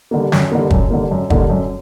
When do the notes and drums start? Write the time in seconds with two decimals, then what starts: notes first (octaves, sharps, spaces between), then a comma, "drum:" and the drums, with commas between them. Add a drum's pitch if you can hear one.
0.11 D3 G3 A#3
0.32 F#2, drum: snare
0.52 D3 G3 A#3
0.70 F#2, drum: kick
0.90 D3 G3 A#3
1.11 F#2
1.30 D3 G3 A#3, drum: kick
1.50 F#2